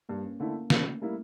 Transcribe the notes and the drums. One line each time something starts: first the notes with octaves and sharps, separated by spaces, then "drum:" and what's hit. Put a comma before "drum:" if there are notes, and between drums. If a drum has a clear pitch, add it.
G2 A#3
C#4
D3 A3 A#3 E4
A#3
C#3 A3, drum: snare
G3 A3 A#3 E4